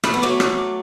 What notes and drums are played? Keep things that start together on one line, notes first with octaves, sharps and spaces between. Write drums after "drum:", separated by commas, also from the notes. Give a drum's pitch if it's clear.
A3 B5, drum: rim click
B3
F#3 A3 D6
D6, drum: rim click
D6